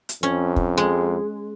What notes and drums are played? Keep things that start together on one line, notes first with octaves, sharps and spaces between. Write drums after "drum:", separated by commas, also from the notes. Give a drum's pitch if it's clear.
drum: hi-hat
F2 C#4
drum: kick
G#3